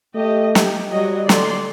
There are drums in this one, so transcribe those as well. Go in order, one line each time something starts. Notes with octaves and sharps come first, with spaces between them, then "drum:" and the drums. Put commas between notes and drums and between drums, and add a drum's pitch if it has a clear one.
A3 G4 D#5
G4, drum: snare
F#3 G3 D#5
D3 D5 C6, drum: snare